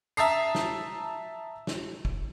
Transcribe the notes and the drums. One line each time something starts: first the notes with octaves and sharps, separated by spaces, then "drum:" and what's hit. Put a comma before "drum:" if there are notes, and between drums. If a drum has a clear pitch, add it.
E5 A5 A#5 D#6 C7, drum: tambourine
drum: snare
drum: snare
drum: kick